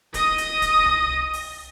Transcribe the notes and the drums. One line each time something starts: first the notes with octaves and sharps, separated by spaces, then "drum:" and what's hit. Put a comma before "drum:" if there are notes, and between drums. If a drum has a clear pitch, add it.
D#5 D#6, drum: kick, hi-hat
drum: hi-hat
drum: kick, hi-hat
drum: tom C2
drum: open hi-hat